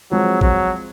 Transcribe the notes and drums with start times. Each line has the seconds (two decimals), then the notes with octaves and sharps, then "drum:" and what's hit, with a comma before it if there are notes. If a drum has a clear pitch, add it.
0.11 F3 F#3 G#3 C4
0.41 F#3, drum: kick